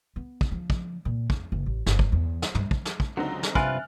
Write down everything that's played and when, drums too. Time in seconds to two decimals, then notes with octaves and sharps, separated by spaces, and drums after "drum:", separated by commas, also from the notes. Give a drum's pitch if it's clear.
0.16 B3
0.41 drum: kick
0.52 F3
0.70 drum: kick
1.05 A#2
1.30 F2, drum: kick
1.52 F#1
1.66 A1
1.86 G1, drum: snare
1.99 drum: kick
2.12 E2
2.42 drum: snare
2.55 G2, drum: tom
2.71 E3, drum: kick
2.85 drum: snare
3.00 drum: kick
3.17 C#2 D3 F#3 C4 D#4
3.43 drum: snare
3.55 G2 C3 F4 B4 G#5 F6 F#6 A6, drum: kick